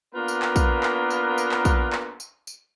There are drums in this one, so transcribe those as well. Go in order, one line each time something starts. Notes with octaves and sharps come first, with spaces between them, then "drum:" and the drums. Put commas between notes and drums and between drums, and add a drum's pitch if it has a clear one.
A#3 B3 D4 F4 A#4 B4
drum: tambourine
drum: clap
drum: kick, tambourine
drum: clap
drum: tambourine
drum: tambourine
drum: clap
drum: kick, tambourine
drum: clap
drum: tambourine
drum: tambourine